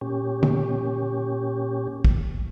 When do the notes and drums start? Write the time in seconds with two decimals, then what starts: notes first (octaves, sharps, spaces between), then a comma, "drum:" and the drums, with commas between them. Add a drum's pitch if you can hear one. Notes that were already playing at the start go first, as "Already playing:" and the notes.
0.01 A#2 C#4 G4
0.43 drum: tom
2.04 drum: kick